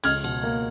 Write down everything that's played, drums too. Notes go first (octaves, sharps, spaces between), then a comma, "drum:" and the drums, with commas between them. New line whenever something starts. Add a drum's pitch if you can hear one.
C#2 F6 G#6, drum: cymbal
B2, drum: cymbal
A#3